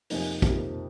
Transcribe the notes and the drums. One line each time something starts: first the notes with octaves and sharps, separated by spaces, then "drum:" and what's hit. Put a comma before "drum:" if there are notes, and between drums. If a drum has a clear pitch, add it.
F2 C3 F3 A#3 D#4, drum: open hi-hat
F2 C3 F3 A#3 D#4, drum: kick, hi-hat